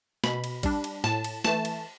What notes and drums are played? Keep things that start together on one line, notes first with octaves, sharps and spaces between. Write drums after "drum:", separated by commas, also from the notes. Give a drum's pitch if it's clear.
B2 B5, drum: snare
drum: cymbal
G3 D4, drum: kick, cymbal
drum: cymbal
A2 A5, drum: snare
drum: cymbal
E3 A3 A5, drum: snare
drum: cymbal